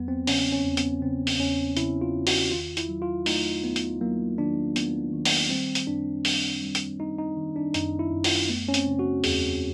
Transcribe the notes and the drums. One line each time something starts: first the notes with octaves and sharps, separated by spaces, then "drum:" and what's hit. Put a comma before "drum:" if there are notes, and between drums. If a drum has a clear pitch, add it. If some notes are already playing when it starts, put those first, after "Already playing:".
Already playing: E2 F#3 B3
C4
C#3 C#4, drum: open hi-hat
C#4
E2
B3, drum: hi-hat
C#3 C4
drum: open hi-hat
E2 C#4
C#3 E4, drum: hi-hat
F4
E2
F#4, drum: open hi-hat
D#3 F4
E4, drum: hi-hat
F#3
F4
A3 D#4, drum: open hi-hat
A3 B3
drum: hi-hat
F#3 A#3
D#3 D4
A3 B3, drum: hi-hat
D#3
drum: open hi-hat
G3 C4
drum: hi-hat
F#2 D4
G3, drum: open hi-hat
G3
drum: hi-hat
G3 D#4
D#4
D#3
D4
F#2 D#4, drum: hi-hat
E4
F#2
F4, drum: open hi-hat
A3 B3
C#4
C4, drum: hi-hat
C#3
F#4
E2 G#4, drum: open hi-hat